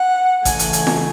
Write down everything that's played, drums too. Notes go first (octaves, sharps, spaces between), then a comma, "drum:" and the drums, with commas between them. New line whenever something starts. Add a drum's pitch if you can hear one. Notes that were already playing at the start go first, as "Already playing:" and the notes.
Already playing: F#5
C#3 E3 A3 G#5, drum: kick F#1, hi-hat
drum: hi-hat
drum: hi-hat
drum: snare